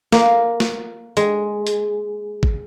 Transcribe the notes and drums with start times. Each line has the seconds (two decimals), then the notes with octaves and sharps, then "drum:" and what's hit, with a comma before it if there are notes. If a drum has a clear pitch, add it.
0.12 A#3, drum: snare
0.60 drum: snare
1.17 G#3, drum: hi-hat
1.67 drum: hi-hat
2.43 drum: kick